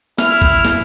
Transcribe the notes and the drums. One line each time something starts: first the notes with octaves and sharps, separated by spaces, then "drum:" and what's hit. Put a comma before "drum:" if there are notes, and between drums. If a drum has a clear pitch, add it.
E4 F6, drum: snare
drum: kick
drum: snare